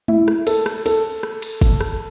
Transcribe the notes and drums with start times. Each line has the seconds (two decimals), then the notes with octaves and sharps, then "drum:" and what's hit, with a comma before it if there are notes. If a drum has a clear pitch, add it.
0.08 E4, drum: tom G#3
0.28 drum: rim click
0.47 A4, drum: cymbal
0.66 drum: rim click
0.86 A4, drum: cymbal
1.23 drum: rim click
1.42 drum: cymbal
1.61 drum: kick, cymbal
1.81 drum: rim click